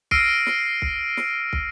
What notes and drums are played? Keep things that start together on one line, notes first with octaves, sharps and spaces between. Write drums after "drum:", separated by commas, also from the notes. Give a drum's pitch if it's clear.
E6 F6 A#6 C7 D7 D#7, drum: kick
drum: snare
drum: kick
drum: snare
drum: kick